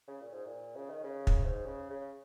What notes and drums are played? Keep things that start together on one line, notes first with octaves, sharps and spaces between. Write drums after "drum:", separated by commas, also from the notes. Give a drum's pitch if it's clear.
C#3
A#2
G#2
A#2
C#3
D#3
C#3
drum: kick
G#2
C#3
C#3